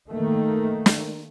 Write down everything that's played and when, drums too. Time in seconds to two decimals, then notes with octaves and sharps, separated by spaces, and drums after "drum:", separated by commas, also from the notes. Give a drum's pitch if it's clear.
0.11 D#3 A3 A#3
0.86 drum: snare